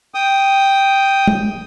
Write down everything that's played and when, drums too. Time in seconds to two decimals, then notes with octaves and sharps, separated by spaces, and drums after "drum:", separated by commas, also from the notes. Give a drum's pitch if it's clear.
0.14 G5 D#6
1.27 drum: tom G#3